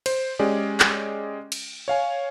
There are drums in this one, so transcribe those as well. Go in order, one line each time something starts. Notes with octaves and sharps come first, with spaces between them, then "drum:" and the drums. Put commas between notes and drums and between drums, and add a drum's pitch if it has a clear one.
C5, drum: cymbal
G#3 C#4 G4 G#4 D5
drum: clap
drum: cymbal
C#5 F5 G#5